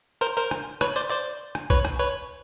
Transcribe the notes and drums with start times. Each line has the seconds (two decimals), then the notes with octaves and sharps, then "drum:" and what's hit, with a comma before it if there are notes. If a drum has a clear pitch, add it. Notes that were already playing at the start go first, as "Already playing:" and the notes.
0.21 A#4 C5
0.37 A#4 C5
0.51 drum: rim click
0.81 B4 C#5, drum: rim click
0.96 C5 D5
1.10 C5 D5
1.55 drum: rim click
1.70 B4 C#5, drum: kick
1.85 drum: rim click
1.99 B4 C#5